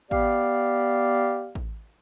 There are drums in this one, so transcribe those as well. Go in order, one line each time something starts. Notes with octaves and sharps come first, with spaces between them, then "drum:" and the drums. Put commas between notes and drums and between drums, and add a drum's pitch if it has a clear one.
B3 G4 D5 F5, drum: kick A1
drum: kick A1